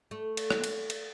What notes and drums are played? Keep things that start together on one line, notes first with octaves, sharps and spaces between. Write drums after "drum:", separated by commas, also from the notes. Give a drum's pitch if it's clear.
A3
drum: cymbal
drum: rim click
drum: cymbal
drum: cymbal